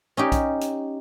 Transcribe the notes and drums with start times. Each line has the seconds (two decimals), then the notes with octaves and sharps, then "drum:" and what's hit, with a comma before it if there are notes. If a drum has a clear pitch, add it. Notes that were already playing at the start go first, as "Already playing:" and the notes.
0.17 C#4 D#4 G4
0.32 drum: kick B1, hi-hat
0.61 drum: hi-hat